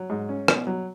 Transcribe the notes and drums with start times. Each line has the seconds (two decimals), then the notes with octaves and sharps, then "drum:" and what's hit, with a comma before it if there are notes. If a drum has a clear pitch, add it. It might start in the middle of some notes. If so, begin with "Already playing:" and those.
Already playing: F#3
0.10 G#2
0.29 C#4
0.48 B2, drum: rim click
0.67 F#3